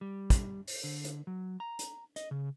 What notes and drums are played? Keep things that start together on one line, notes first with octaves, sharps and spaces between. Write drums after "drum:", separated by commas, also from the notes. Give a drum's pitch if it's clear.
G3
drum: kick, hi-hat
drum: open hi-hat
D3
drum: hi-hat
F#3
A#5
drum: hi-hat
D#5, drum: hi-hat
C#3